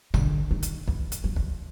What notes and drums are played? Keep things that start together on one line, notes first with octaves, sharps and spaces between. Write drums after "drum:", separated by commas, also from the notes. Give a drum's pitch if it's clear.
D3, drum: tom A1
D#3
drum: hi-hat
E3, drum: kick
drum: hi-hat
F3
drum: kick